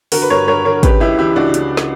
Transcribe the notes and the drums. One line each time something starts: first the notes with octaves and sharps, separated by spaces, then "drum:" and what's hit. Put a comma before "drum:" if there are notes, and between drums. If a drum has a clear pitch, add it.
D3 F#4 A#4, drum: open hi-hat
B4
G2 A#4 C#5
G2 A#4 C#5
D3 A#4 C#5
C#3 G4 B4, drum: kick, hi-hat
C#2 E4 G4
E3 E4 G4
C#2 D4 F#4
C#3, drum: hi-hat
drum: snare